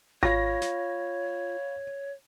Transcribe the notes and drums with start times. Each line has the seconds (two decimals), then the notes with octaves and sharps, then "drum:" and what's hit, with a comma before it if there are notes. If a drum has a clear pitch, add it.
0.23 F4 C#5 F5 B5 C#6 A#6, drum: kick G#1
0.62 drum: snare